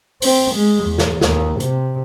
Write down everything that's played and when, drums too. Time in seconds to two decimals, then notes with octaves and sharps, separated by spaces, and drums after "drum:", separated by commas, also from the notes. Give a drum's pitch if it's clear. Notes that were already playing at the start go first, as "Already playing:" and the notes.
0.22 C4, drum: open hi-hat
0.55 G#3
0.84 E2
0.98 drum: snare
1.21 D#2, drum: snare
1.60 C3, drum: hi-hat